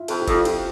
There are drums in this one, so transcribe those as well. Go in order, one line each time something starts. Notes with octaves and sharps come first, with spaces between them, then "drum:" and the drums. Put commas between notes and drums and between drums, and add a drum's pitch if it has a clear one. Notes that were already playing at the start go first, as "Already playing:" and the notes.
Already playing: E4 F4
F2 A4, drum: cymbal
G4
F2, drum: kick, cymbal
F4
F2 E4 G4, drum: cymbal